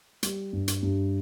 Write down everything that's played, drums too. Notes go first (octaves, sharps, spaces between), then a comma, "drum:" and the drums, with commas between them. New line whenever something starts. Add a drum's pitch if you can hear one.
G3, drum: hi-hat
G2
drum: hi-hat
G2